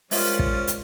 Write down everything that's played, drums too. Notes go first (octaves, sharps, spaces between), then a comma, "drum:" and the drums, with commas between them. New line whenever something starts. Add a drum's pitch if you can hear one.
G3 G#3 C#4 F4 A#4 C5 E5, drum: open hi-hat
drum: kick
drum: hi-hat